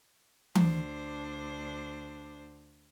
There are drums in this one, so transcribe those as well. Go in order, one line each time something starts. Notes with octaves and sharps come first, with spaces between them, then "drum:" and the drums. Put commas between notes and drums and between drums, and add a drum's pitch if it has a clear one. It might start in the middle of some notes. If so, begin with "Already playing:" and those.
D2 D4 C5, drum: tom E3